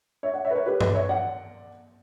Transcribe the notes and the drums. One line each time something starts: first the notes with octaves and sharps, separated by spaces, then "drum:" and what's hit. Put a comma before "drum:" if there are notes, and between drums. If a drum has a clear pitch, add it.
C#5 E5
D5 F#5
C#5 E5
B4
A#4 C#5
G4 B4
B4 D5, drum: tom G2
C#5 E5
D5 F#5